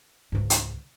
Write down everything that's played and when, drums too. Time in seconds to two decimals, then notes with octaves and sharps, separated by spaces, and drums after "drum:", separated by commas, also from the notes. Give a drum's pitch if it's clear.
0.32 C#2 G#2
0.50 drum: hi-hat